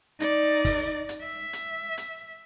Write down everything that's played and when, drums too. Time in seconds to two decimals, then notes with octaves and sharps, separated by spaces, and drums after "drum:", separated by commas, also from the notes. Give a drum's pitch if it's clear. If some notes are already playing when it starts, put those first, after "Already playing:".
0.20 D#4 D5, drum: hi-hat
0.65 drum: kick, open hi-hat
1.09 drum: hi-hat
1.22 E5
1.53 drum: hi-hat
1.97 drum: hi-hat